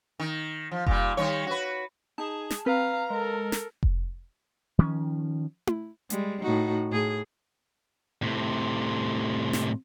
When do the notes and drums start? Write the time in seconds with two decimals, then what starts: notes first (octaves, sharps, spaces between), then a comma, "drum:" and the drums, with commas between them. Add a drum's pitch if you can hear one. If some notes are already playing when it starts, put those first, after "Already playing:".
0.19 D#3
0.71 F3
0.86 A#2 G3, drum: kick F1
1.17 D#3 G3 C#5
1.47 F#4 B4
2.18 D#4 G#4 A5
2.50 drum: snare
2.66 C4 B4 F5 A#5
3.10 G#3 A4 A#4
3.52 drum: snare
3.83 drum: kick F1
4.79 D#3 F3 C4 C#4
5.67 drum: tom E4
6.10 G3 G#3, drum: hi-hat
6.42 A2 D#4 F#4
6.91 A2 G#4
8.22 A2 C3
9.53 drum: snare